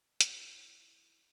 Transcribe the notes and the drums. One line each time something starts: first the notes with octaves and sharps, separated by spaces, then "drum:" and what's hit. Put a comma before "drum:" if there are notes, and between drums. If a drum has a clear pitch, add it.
E4, drum: hi-hat